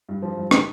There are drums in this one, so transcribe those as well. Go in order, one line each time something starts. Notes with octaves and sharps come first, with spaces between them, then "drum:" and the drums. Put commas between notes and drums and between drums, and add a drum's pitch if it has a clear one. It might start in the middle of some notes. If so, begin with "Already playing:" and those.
G2
F3
G2
D#4, drum: rim click